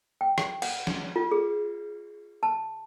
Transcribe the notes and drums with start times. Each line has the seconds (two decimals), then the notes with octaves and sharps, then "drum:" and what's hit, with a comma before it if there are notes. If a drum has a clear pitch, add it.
0.21 G5
0.38 drum: rim click
0.62 F#5, drum: cymbal
0.87 drum: snare
1.16 F4
1.31 G#4
2.43 A5